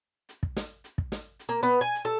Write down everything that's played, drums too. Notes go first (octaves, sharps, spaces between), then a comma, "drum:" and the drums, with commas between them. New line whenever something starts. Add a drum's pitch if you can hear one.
drum: hi-hat
drum: kick
drum: snare
drum: hi-hat
drum: kick
drum: snare
drum: hi-hat
A#3
B3
G#5
drum: hi-hat
A4